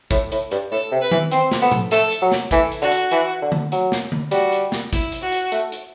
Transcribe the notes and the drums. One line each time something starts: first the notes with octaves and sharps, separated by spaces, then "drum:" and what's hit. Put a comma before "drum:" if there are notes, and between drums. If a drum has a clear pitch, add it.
A2, drum: kick, hi-hat
A2, drum: hi-hat
G2, drum: hi-hat
A2 A4
C3
B4
E3, drum: tom D#3
C4 C5, drum: hi-hat
drum: snare
B3 A4
drum: tom A2
A3 A4, drum: hi-hat
drum: hi-hat
F#3
drum: snare
E3 A4, drum: kick, hi-hat
drum: hi-hat
D3 F#4
drum: hi-hat
E3, drum: hi-hat
D3
drum: tom D3
F#3, drum: hi-hat
drum: snare
drum: tom D3
G3 F#4, drum: hi-hat
drum: hi-hat
drum: snare
E4, drum: kick, hi-hat
drum: hi-hat
F#4
drum: hi-hat
A3, drum: hi-hat
drum: hi-hat